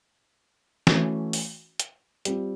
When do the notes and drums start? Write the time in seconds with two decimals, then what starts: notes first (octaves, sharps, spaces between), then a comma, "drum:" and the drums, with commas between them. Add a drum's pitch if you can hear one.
0.87 E3 A3 C#4 F#4, drum: snare
1.33 drum: open hi-hat
1.80 drum: hi-hat
2.25 G3 C4 F4, drum: hi-hat